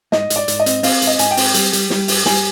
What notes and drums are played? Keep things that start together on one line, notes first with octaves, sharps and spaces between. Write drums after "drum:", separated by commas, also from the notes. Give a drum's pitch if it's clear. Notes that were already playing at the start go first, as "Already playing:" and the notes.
G#2 D#5, drum: snare
G#2, drum: hi-hat
D5
G#2, drum: hi-hat
D#5
C4, drum: hi-hat
C4 F5, drum: open hi-hat
G#2, drum: hi-hat
D#5
G#2 G#5, drum: hi-hat
G5
C4, drum: open hi-hat
G3, drum: hi-hat
G3, drum: hi-hat
G3, drum: snare
G2, drum: open hi-hat
G3 G#5, drum: snare